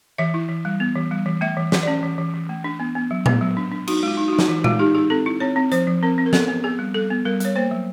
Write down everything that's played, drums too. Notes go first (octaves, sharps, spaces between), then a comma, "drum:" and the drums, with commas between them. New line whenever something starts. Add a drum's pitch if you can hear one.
E3 E5
E4
E3
G3
B3
E3
G3
E3
A3 E5
E3
E3, drum: snare
C#4 D5
E3
E3
E3
A3
D4
B3
B3
F#3
B3 G#4, drum: tom A#2
F#3
D4
D4
D#4 F#4, drum: cymbal
G#3 F4
D#4
D#4 F#4
drum: snare
E3 F4
G#3 F4, drum: tom A#2
D#4 G4
D#4 G#4
C4 A4
E4
C4 C#5
C4
F3 C5, drum: hi-hat
F3
C4 A#4
C4
A#4
B3 A4, drum: snare
B3
B3 G#4
G3
G3 A4
B3
G3 A#4
G3 C#5, drum: hi-hat
A#3 C5
F#3